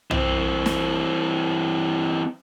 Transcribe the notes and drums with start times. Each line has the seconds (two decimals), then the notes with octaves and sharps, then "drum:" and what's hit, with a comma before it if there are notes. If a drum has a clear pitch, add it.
0.11 E3 C4, drum: tom
0.66 drum: snare